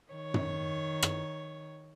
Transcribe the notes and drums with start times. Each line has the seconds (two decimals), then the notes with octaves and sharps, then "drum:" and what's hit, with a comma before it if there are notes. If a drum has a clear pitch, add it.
0.11 D#3 C#5
0.34 drum: tom
1.03 drum: rim click